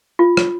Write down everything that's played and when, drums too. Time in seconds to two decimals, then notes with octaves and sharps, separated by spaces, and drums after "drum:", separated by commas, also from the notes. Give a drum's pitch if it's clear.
0.19 F4
0.37 drum: rim click